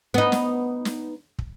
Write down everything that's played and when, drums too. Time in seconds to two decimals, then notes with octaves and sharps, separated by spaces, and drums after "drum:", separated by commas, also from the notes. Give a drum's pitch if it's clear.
0.14 B3 D#4
0.32 drum: snare
0.85 drum: snare
1.39 drum: kick